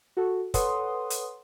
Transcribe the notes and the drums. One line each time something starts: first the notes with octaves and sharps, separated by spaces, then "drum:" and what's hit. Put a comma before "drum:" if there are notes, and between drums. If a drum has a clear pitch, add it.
F#4 A4
A4 B4 C#5 F#5 C6 D#6, drum: kick, hi-hat
drum: hi-hat